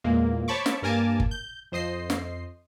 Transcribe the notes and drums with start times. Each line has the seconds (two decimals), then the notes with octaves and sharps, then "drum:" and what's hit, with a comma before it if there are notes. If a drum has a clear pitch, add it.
0.04 E2 A#2 G#3 A#3
0.48 C5 C#5 A5 B5 C#6 D6
0.66 drum: snare
0.82 G2 A#3 A#4 G#5 A5 D6
1.20 drum: kick G1
1.31 G6
1.72 F2 C5 D#5 C7
2.10 drum: snare